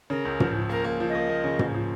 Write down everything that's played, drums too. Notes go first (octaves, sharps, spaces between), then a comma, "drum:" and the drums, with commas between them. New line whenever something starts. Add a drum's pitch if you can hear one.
C#3 A#4
C#2
F3, drum: tom
F3
A#3 A#4
A#3
F3
D#5
A#3
A#3
C#3
A#3, drum: tom
F3